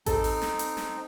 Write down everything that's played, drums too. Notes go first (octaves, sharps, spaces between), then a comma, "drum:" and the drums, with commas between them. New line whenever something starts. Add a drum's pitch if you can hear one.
C4 D#4 A4, drum: kick A1, hi-hat
drum: open hi-hat
drum: snare
drum: hi-hat
drum: snare